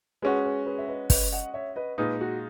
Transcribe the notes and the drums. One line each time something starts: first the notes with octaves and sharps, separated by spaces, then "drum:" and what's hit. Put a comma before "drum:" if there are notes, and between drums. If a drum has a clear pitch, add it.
G#3 C#4 F#4 G#4 B4
G#4 B4
G#4 B4
E5
B4 D#5
B4 D#5, drum: kick, open hi-hat
D#5 F#5
C#5 E5
B4 D#5
A#2 G#3 D#4 G#4 B4
F#4